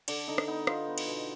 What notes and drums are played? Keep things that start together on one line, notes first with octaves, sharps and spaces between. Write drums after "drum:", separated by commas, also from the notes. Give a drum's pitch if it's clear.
D3 D5, drum: cymbal
D3 D#4
drum: rim click
B3 D#4
B3 F4, drum: rim click
B3
drum: cymbal
B2